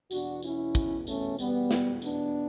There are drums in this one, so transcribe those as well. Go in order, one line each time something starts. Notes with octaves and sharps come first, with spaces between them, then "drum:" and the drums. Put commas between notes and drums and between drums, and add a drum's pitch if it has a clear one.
E2 B2 D4 F#4, drum: tambourine
C#4 E4, drum: tambourine
drum: kick, tambourine
A3 C#4, drum: tambourine
E2 B2 G3 B3, drum: tambourine
drum: snare
B3 D4, drum: tambourine